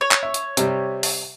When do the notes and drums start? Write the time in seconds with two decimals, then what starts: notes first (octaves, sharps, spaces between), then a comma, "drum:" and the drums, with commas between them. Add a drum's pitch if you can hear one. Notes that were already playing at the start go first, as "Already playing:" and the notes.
0.01 C#5
0.11 drum: clap
0.23 E5
0.34 drum: hi-hat
0.57 C3 G3, drum: hi-hat
1.03 drum: open hi-hat